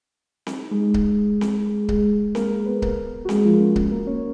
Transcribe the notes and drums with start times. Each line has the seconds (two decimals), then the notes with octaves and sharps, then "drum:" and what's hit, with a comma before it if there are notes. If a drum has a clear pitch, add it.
0.47 D#4, drum: snare C4
0.71 G#3 G#4
0.94 drum: kick C#1
1.41 drum: snare C4
1.89 G#3 G#4, drum: kick C#1
2.35 A#3 A#4, drum: snare C4
2.51 A#3 A#4
2.66 B3 B4
2.82 A#3 A#4, drum: kick C#1
3.25 F#4
3.29 G#3 G#4, drum: snare C4
3.45 F3 F4
3.60 C#4
3.76 C#4, drum: kick C#1
3.92 A#3 A#4
4.07 C#4 C#5